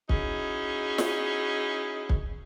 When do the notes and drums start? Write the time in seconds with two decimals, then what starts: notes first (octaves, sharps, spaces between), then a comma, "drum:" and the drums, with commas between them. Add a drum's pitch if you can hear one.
0.09 C#4 D#4 E4 F#4 G#4, drum: kick
0.98 drum: snare
2.09 drum: kick